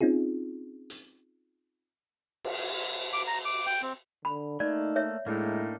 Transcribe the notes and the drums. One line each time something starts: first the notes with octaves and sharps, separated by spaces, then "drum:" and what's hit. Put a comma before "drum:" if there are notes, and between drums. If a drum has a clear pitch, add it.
C4 C#4 D#4 F4 G#4
drum: hi-hat
drum: cymbal
D6
A#5
D6
G5
C4
D3 B5
A3 A#3 D#4 D5
C#5 E5
A2 G#3 A#3 D4 D#4